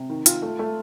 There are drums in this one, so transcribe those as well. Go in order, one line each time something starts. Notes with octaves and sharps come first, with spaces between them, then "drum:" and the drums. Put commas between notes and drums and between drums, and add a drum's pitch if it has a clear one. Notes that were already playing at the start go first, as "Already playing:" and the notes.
Already playing: C3
D#3
F4, drum: hi-hat
A3
A3